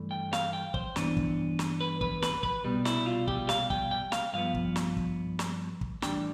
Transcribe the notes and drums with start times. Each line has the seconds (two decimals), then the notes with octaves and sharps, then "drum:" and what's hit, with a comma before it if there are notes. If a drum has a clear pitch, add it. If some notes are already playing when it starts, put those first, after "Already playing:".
Already playing: G2 E3 A3
0.11 G5
0.33 F5, drum: snare
0.53 G5
0.74 C5, drum: kick
0.96 G2 E3 B3 D4, drum: snare
1.17 drum: kick
1.59 drum: snare
1.80 B4
2.01 B4, drum: kick
2.22 B4, drum: snare
2.43 B4, drum: kick
2.64 C2 B2 G3
2.85 E4, drum: snare
3.06 F4
3.28 G4, drum: kick
3.49 F5, drum: snare
3.70 G5, drum: kick
3.91 G5
4.12 F5, drum: snare
4.33 G2 F3 B3 F5
4.54 drum: kick
4.76 drum: snare
4.97 drum: kick
5.39 drum: snare
5.81 drum: kick
6.02 A2 E3 G3 D4 G5, drum: snare